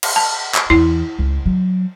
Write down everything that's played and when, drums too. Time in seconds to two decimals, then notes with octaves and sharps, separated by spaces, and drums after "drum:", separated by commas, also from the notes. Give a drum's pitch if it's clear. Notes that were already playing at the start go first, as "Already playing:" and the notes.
0.03 drum: cymbal
0.16 A5
0.54 drum: clap
0.70 E2 E3 E4
1.19 C#2
1.46 F#3